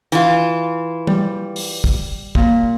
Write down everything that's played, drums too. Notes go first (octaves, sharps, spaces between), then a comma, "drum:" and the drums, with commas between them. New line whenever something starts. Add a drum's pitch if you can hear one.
E3 F4, drum: hi-hat
G3, drum: tom
drum: open hi-hat
drum: kick
A#2, drum: kick